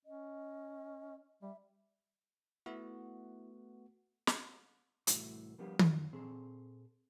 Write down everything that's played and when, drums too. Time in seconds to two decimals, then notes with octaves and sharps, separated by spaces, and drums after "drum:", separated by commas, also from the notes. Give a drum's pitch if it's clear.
0.06 C#4 D#5
1.43 G3 E5
2.66 A3 B3 E4 F#4
4.27 drum: snare
5.07 C2 A2 E3 A3 F#4 B5, drum: hi-hat
5.58 F3 G3 A#3 B3 D4 G4
5.79 F2, drum: tom D#3
6.13 A#2 C4 G#4 A4